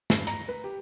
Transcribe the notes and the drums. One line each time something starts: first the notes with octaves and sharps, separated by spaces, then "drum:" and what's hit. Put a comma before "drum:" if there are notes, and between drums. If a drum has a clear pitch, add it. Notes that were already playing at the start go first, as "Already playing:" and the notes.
G2, drum: snare
A#5, drum: hi-hat
B4
G4